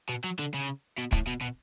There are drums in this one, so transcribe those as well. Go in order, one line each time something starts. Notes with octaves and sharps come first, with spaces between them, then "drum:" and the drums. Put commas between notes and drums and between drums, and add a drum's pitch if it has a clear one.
B2
F#3
D3
C#3
B2
A2, drum: kick
B2
B2